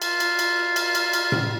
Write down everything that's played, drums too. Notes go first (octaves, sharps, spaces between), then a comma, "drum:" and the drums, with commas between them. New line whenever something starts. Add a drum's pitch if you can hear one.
F4, drum: cymbal
drum: cymbal
drum: cymbal
drum: cymbal
drum: cymbal
drum: cymbal
drum: tom A2